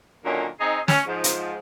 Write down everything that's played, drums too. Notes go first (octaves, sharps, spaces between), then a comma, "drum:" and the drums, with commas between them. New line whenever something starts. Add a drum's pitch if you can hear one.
A#2 D3 D#3 F#3 A#3 C#4
C4 D#4 G#4
C#4, drum: snare
G#2 F3
drum: hi-hat